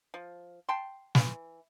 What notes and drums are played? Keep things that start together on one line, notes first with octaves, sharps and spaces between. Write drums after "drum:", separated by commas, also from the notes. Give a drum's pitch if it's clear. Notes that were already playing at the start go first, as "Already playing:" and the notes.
F3
G5 A5 C6
E3, drum: snare